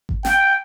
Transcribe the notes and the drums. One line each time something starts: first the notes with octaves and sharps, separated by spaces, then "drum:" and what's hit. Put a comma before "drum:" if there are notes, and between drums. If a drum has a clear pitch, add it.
drum: kick G#1
G5, drum: snare